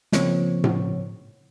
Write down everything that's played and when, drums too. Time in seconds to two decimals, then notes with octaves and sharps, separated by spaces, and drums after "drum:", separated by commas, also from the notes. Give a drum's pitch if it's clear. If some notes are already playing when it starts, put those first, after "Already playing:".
0.12 C#3 F3 A#3 C4 C#5, drum: snare
0.64 drum: tom A2